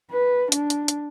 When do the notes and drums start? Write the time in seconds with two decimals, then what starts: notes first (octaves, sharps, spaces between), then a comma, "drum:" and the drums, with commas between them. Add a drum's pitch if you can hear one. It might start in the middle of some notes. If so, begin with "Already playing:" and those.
0.11 B4
0.52 D4, drum: hi-hat
0.70 drum: hi-hat
0.88 drum: hi-hat